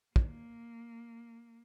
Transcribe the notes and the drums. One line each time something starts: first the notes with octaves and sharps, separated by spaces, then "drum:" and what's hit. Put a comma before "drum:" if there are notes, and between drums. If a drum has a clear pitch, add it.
A#3, drum: kick